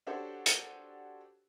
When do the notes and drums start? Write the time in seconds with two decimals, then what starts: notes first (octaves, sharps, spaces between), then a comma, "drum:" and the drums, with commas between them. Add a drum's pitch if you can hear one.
0.07 D4 F#4 G4 A4 C5 C#5
0.46 drum: hi-hat